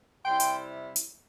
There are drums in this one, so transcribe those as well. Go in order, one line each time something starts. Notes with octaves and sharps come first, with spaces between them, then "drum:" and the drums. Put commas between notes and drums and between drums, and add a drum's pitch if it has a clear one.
C3 G3 E4 G5 C6
drum: hi-hat
drum: hi-hat